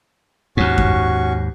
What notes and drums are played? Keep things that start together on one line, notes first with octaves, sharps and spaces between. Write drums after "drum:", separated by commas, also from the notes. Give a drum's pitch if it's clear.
D#2 G#2 C#4 F#4 C#6
drum: kick F#2